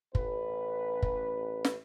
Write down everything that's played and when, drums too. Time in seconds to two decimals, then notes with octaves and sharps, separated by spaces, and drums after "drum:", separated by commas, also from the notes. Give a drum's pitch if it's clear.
0.15 A1 B4, drum: kick F#1
1.03 drum: kick F#1
1.65 drum: snare